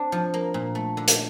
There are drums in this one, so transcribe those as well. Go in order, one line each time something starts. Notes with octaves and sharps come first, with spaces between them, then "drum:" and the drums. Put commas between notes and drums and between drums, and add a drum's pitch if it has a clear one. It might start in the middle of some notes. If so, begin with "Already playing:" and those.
Already playing: C4 D4
F3
A#3
A#2
A3
D3
drum: hi-hat